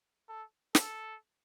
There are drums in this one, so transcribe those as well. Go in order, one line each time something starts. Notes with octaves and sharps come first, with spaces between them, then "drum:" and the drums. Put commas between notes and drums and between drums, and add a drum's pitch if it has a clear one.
A4
A4, drum: snare